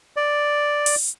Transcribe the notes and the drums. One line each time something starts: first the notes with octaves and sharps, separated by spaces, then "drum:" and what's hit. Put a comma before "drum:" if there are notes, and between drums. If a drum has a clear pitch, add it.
D5
drum: open hi-hat